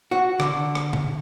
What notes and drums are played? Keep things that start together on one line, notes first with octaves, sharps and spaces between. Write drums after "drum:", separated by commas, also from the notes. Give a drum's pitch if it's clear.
F#4
D3, drum: rim click
drum: rim click
drum: tom A#2